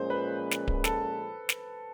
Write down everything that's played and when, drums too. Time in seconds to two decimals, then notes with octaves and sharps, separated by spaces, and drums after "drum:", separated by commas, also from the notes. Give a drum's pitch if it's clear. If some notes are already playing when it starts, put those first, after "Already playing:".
Already playing: A#2 F3 G#3 C#4 C5
0.10 B4
0.51 drum: snare
0.68 drum: kick D1
0.84 A4, drum: snare
1.49 drum: snare